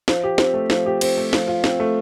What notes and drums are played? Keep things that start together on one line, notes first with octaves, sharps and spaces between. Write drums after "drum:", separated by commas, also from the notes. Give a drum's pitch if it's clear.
F3, drum: snare
G4
C4, drum: snare
A3
F3, drum: snare
G4
C4, drum: cymbal
A3
F3, drum: snare
F4
C4, drum: snare
A3